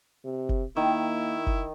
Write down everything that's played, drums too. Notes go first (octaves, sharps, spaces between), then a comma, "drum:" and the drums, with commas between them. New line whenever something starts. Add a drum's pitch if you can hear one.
C3
drum: kick F#1
D#3 A#3 E4
drum: kick F#1